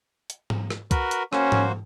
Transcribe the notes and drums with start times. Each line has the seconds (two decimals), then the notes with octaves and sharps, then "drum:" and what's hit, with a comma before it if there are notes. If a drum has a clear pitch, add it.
0.30 drum: hi-hat
0.50 drum: tom G#2
0.70 drum: rim click
0.91 F#4 A#4 B4, drum: kick C2, hi-hat
1.11 drum: hi-hat
1.33 A#3 C#4 F#4 C5, drum: rim click
1.52 drum: tom G#2